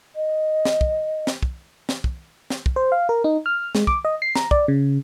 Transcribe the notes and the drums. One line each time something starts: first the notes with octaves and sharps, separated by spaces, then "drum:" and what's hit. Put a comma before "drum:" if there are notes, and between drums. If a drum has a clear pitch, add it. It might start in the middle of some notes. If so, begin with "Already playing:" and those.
D#5
drum: snare
drum: kick
drum: snare
drum: kick
drum: snare
drum: kick
drum: snare
drum: kick
C5
F5
A#4
D#4
F6
G#3, drum: snare
D6, drum: kick
D#5
C7
A#5, drum: snare
D5, drum: kick
C#3